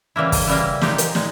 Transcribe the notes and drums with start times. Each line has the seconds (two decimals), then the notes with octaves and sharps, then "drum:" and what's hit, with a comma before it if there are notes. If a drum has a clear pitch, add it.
0.16 C#3 E3 G3 A#3 E4
0.32 drum: kick, open hi-hat
0.47 C#3 E3 G3 A#3 E4
0.81 A#2 G#3 D#4 G4, drum: snare
0.98 drum: hi-hat
1.15 A#2 G#3, drum: snare